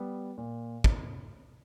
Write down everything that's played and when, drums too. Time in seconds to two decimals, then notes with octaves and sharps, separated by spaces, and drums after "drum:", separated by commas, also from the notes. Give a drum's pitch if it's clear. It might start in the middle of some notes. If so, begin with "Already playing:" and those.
Already playing: G3 B3
0.38 A#2
0.84 drum: kick